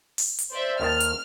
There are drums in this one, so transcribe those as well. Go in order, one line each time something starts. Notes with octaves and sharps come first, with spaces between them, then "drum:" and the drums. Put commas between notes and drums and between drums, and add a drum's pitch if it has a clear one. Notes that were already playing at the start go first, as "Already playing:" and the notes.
drum: open hi-hat
drum: hi-hat
C5 D5 E5
D#2 D#3 A5 F6
drum: hi-hat